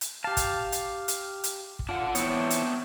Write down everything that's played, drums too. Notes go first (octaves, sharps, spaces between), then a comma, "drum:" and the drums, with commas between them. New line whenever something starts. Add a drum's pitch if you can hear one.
drum: hi-hat
G4 F5 A5
drum: kick, hi-hat
drum: hi-hat
drum: hi-hat
drum: hi-hat
drum: kick
D4 F4 F#5
E3 B3 C4 D4 E4 C#5, drum: hi-hat
drum: hi-hat